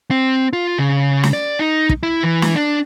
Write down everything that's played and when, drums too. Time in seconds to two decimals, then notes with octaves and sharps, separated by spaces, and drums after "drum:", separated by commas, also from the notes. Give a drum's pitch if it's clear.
0.11 C4
0.53 F4
0.78 C#3
1.23 drum: snare
1.34 D5
1.59 D#4
1.89 drum: kick
2.03 E4
2.24 E3
2.42 drum: snare
2.55 D4